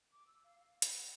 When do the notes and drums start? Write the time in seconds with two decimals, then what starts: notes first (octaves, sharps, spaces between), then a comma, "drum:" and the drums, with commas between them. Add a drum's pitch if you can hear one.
0.12 D6
0.27 E6
0.44 F5
0.60 F5
0.82 B5, drum: hi-hat
0.95 F#5